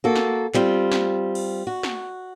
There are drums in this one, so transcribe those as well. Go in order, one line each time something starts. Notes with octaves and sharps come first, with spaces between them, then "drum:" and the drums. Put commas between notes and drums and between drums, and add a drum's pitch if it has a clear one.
A#3 F#4 A4
drum: snare
G3 C4 F4, drum: clap
drum: snare
drum: cymbal
F#4
drum: snare